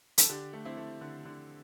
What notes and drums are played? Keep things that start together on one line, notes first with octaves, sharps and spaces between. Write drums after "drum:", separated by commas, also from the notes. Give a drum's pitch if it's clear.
A4, drum: hi-hat
D3 D4 G4
A3
C4 E4
A3
D3
D3